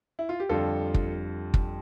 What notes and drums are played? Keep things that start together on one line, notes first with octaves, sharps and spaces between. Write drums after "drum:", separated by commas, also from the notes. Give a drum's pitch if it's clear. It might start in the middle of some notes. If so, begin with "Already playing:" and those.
E4
F4
G4
F2 D3 G3 F4 A4
drum: kick
drum: kick